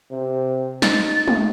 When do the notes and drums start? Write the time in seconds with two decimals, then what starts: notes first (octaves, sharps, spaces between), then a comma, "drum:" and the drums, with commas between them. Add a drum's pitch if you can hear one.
0.11 C3
0.82 D#4 A6, drum: snare
1.28 drum: tom G#3